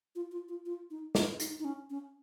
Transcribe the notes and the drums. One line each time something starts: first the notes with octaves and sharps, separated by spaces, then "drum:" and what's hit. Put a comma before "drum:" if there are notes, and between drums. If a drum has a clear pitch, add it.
F4
F4
F4
F4
D#4
F4, drum: snare
D#4, drum: hi-hat
D#4
C#4
C#4